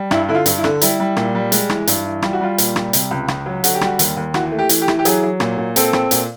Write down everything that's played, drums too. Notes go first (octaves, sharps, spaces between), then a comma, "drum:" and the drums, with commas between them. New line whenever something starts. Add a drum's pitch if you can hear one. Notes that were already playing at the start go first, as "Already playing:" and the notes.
Already playing: G3
G2 E4, drum: rim click
D3 E4
F4
G2, drum: hi-hat
E4
D3, drum: rim click
G3 E4, drum: hi-hat
G3
A#2, drum: rim click
G3
G#3, drum: hi-hat
E3, drum: rim click
G2, drum: hi-hat
E3
G3 F4, drum: rim click
F#4
G3 F4
A#2, drum: hi-hat
G3, drum: rim click
C3, drum: hi-hat
C#2
C#2, drum: rim click
F#3
D3 F#4, drum: hi-hat
G4
G3 F#4, drum: rim click
D#2, drum: hi-hat
D#2
E3 F#4, drum: rim click
A3
G4
E3, drum: hi-hat
G4
E3, drum: rim click
G4
F#3 G#4, drum: hi-hat
F#3
A#2, drum: rim click
A#2
C4 A4, drum: hi-hat
C4, drum: rim click
A#2, drum: hi-hat